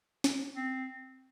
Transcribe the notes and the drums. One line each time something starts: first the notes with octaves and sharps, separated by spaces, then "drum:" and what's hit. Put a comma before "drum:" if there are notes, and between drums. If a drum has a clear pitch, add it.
drum: snare
C4